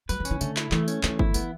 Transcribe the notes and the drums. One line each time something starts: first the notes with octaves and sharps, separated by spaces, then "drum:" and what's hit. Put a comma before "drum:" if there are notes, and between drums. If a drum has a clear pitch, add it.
F#3 B4, drum: tambourine
E3
C#4, drum: tambourine
E3
D3 A3, drum: tambourine
E4, drum: clap
E3 A3, drum: clap
C#4, drum: tambourine
E3 A3, drum: clap
E4, drum: kick G1
E3 B3, drum: tambourine